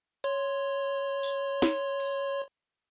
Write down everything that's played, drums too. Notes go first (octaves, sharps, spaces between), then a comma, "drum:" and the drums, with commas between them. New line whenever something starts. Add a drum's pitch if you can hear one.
C#5 C6, drum: hi-hat
drum: tambourine
drum: snare
drum: open hi-hat